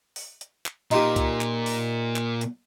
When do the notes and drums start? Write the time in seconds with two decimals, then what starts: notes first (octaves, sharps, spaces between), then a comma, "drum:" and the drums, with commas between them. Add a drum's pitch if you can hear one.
0.16 drum: open hi-hat
0.41 drum: hi-hat
0.66 drum: clap
0.91 A#2 D#4 F4 G4, drum: hi-hat
1.16 drum: kick, hi-hat
1.41 drum: clap
1.66 drum: open hi-hat
2.16 drum: clap
2.41 drum: hi-hat